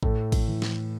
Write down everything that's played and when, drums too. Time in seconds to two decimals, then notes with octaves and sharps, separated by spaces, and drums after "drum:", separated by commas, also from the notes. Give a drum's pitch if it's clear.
0.03 A2 A4, drum: kick A1
0.32 drum: kick A1, cymbal
0.48 E3
0.62 drum: snare